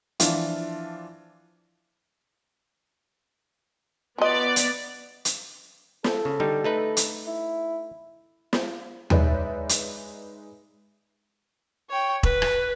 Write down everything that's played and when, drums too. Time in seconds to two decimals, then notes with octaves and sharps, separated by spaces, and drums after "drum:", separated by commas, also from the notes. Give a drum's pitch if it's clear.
0.20 E3 F3 D4 F4, drum: hi-hat
4.18 F3 B3 D5 D#5
4.56 drum: hi-hat
5.25 drum: hi-hat
6.04 A4, drum: snare
6.25 C#3
6.40 D3 G3 D#4
6.64 A3 D#4 B4
6.97 drum: hi-hat
7.27 E4
8.53 drum: snare
9.10 G#3 D#4 B4 C#5 D5 E5, drum: tom
9.69 drum: hi-hat
11.90 C#5 G5
12.23 B4, drum: kick E1
12.42 drum: rim click